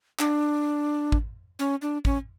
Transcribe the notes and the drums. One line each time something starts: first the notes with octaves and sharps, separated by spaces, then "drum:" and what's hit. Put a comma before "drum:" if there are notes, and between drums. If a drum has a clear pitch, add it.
D4, drum: clap
drum: kick
C#4
D4
C#4, drum: kick